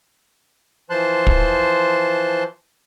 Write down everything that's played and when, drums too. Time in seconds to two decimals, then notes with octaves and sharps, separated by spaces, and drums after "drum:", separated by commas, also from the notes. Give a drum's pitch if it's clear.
0.90 E3 F3 C5 A5 C6 F#6
1.27 drum: kick